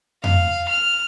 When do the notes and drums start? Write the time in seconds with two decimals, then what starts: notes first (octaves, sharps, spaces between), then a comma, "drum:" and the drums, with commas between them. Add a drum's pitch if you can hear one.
0.24 F5, drum: tom F2
0.69 F6